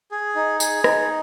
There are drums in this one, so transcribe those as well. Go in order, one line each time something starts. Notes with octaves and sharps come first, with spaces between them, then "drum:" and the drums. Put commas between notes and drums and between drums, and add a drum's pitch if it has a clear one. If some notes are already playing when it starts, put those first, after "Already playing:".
G#4
D#4
G#4, drum: tambourine
D#4, drum: rim click